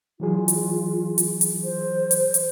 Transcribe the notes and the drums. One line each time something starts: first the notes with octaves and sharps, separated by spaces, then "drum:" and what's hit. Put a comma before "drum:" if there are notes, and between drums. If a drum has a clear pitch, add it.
E3 F#3 F4 G#4
drum: hi-hat
drum: hi-hat
drum: hi-hat
C5
drum: hi-hat
drum: hi-hat